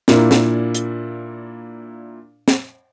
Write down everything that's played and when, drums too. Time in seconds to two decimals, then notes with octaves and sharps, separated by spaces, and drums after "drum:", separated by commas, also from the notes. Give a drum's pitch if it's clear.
0.08 A#2 A#3 D4 E4, drum: snare
0.31 drum: snare
0.74 drum: hi-hat
2.48 drum: snare